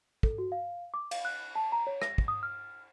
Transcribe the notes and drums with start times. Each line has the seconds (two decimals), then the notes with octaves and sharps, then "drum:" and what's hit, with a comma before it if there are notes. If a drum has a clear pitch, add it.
0.23 A4, drum: kick
0.38 F#4
0.52 F5
0.94 D6
1.11 F5, drum: cymbal
1.25 F#6
1.55 A5
1.72 A#5
1.87 C#5
2.02 A#6, drum: rim click
2.18 drum: kick
2.28 D#6
2.43 F6